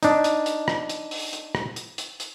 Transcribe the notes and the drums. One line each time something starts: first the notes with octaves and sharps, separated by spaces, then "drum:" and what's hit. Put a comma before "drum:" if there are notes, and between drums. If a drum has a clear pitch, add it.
D4 D#4, drum: hi-hat
drum: hi-hat
drum: hi-hat
drum: rim click
drum: hi-hat
drum: open hi-hat
drum: hi-hat
drum: rim click
drum: hi-hat
drum: hi-hat
drum: hi-hat